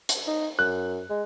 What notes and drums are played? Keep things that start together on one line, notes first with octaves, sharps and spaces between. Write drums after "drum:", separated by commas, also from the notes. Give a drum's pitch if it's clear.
drum: hi-hat
D#4
F#2 F#6
G#3